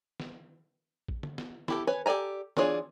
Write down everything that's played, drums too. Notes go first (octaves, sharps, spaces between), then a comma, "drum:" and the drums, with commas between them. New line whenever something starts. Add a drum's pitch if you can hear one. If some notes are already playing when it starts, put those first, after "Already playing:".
drum: snare
drum: kick
drum: tom
drum: snare
E4 G4 A4, drum: snare
B4 C#5 G#5
G4 A4 D5 G#5 A#5
E3 D4 F4 G#4 C#5, drum: snare